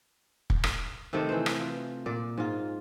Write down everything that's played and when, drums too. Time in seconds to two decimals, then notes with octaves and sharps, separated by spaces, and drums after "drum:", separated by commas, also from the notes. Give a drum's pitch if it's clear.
0.50 drum: kick
0.64 drum: rim click
1.13 C3 D#3 A3 C4
1.29 E3 C5
1.46 drum: rim click
1.60 F4
2.06 A#2 D5
2.38 G#2 F4